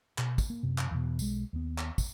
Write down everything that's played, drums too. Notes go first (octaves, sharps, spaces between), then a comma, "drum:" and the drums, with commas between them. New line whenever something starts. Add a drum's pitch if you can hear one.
B2, drum: clap
drum: kick, tambourine
A#3
F#2 C3
drum: clap
E2 B2
B1 G#3, drum: tambourine
D#2 B3
drum: clap
drum: kick, tambourine